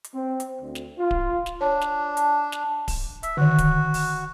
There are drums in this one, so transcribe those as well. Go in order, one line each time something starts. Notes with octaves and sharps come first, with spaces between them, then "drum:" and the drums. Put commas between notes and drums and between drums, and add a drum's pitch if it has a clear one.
drum: hi-hat
C4
drum: hi-hat
D2
drum: snare
F4
drum: kick D1
drum: snare
D4 C#5
drum: snare
drum: hi-hat
drum: snare
drum: kick D1, open hi-hat
E5, drum: hi-hat
D3 D#3 F#4
drum: kick D1, hi-hat
drum: open hi-hat